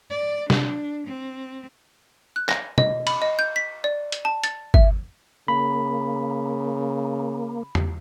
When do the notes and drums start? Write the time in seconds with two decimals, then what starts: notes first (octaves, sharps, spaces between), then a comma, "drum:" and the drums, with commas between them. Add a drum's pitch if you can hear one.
0.10 D5
0.50 D4, drum: snare
1.07 C4
2.36 F#6
2.49 A#6, drum: clap
2.78 D#5, drum: tom
3.07 B5, drum: cymbal
3.22 D#5
3.39 G6
3.56 B6
3.84 D5
4.12 drum: hi-hat
4.25 A5
4.44 A6, drum: hi-hat
4.74 E5, drum: kick G1
5.48 C#3 A#3 B5
7.75 drum: tom E2